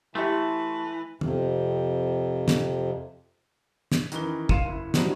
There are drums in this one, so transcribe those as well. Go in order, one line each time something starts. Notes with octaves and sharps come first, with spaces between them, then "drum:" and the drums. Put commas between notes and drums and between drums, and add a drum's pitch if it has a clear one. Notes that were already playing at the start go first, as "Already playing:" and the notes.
E3 A3 E4 G4 E5 C6 C#6
F2 C3, drum: tom
drum: snare
drum: snare
D#3 E3 C#4 A#4 G7, drum: hi-hat
F5 C6 C#7 D#7 E7, drum: kick
F#1 E4
D#3 F#3 G3 C4 D4 E4, drum: snare